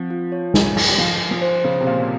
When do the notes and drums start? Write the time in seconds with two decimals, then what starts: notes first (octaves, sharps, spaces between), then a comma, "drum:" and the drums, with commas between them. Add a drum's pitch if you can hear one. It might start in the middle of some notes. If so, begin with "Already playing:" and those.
Already playing: F3 C4
0.10 F4
0.32 C#5
0.54 G#5, drum: snare
0.76 G#4, drum: cymbal
0.88 G3
0.98 F3 F5
1.20 G#5
1.31 F3
1.42 C5
1.64 C#3 C5
1.80 C3
1.87 A#2 F5
2.01 A#2